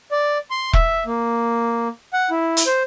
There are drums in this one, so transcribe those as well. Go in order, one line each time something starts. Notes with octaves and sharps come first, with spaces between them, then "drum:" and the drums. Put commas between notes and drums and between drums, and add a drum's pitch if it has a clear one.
D5
C6
E5, drum: kick E1
A#3
F#5
E4
drum: hi-hat
C5